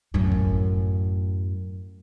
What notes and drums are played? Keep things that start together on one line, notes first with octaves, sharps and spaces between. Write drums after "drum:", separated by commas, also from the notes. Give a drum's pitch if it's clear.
F#2 A2
drum: kick G1